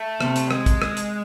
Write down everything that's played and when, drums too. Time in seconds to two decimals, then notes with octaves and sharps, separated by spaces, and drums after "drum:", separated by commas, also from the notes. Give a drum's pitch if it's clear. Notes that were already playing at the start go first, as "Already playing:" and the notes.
Already playing: A3
0.21 C3, drum: rim click
0.36 drum: hi-hat
0.47 G3
0.51 G#3, drum: rim click
0.66 drum: kick, hi-hat
0.82 drum: rim click
0.97 drum: hi-hat